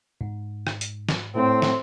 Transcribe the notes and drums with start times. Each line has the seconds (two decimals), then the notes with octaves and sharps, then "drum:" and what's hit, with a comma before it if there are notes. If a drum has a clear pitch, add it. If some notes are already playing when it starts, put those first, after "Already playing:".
0.21 G#2
0.67 drum: rim click
0.81 drum: hi-hat
1.09 drum: snare
1.35 A2 C4
1.62 drum: snare